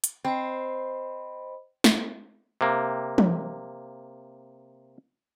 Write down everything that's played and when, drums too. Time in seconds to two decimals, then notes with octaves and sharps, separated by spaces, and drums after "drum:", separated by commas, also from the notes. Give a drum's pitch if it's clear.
0.04 drum: hi-hat
0.25 C4 C5 D#5 B5
1.84 drum: snare
2.61 C3 A#3
3.18 drum: tom